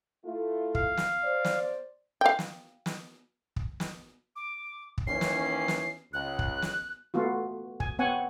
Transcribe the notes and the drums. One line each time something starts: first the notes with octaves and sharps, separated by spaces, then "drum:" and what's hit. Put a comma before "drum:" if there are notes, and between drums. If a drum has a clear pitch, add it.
A3 E4 F4
F5, drum: kick
drum: snare
C5 D5
drum: snare
F5 G5
drum: snare
drum: snare
drum: kick
drum: snare
D6
drum: kick
D#2 E3 C#4 C7
drum: snare
drum: snare
C#2 F#6
drum: kick
drum: snare
A3 B3 F4 F#4
G#5, drum: kick
B3 C4 C#5 F#5 G#5